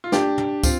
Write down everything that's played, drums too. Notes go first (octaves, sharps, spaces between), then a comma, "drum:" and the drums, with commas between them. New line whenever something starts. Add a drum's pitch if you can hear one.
F4
D4 G4, drum: snare
drum: tom
C4 F4, drum: kick, tambourine